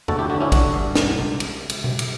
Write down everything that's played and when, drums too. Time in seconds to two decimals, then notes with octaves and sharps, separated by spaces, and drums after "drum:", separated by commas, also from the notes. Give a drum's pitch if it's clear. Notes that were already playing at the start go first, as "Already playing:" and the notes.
0.08 D2 F#4 A4, drum: tom E2
0.19 E4 G4
0.30 D3 D4 F#4
0.41 C#4 E4
0.52 G2 D4 F#4, drum: kick, cymbal
0.74 G2
0.95 B2, drum: snare
1.18 C#2
1.40 drum: cymbal
1.69 drum: cymbal
1.84 drum: tom B2
1.99 drum: cymbal